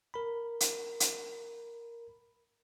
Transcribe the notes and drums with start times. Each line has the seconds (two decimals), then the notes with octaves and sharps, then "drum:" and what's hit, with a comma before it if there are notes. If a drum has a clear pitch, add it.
0.14 A#4 B5
0.60 drum: hi-hat
1.00 drum: hi-hat